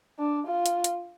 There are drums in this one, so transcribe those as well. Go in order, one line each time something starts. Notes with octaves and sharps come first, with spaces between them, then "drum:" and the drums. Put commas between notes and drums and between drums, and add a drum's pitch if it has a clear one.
D4
F4
drum: hi-hat
drum: hi-hat